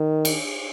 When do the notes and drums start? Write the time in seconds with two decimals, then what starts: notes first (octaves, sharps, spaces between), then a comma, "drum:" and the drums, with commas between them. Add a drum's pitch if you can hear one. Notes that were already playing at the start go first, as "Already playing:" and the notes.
Already playing: D#3
0.25 drum: cymbal